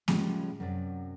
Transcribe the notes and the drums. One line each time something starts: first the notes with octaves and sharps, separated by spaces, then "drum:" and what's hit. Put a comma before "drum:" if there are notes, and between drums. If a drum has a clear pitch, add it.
A2 C#3 F3 G3 G#3, drum: snare A#3
F#2 C3 F#3 D5